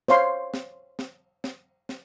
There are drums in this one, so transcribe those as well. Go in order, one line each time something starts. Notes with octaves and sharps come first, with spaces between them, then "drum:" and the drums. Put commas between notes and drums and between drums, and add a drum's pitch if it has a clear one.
C5 C#5 F5 C6, drum: snare
drum: snare
drum: snare
drum: snare
drum: snare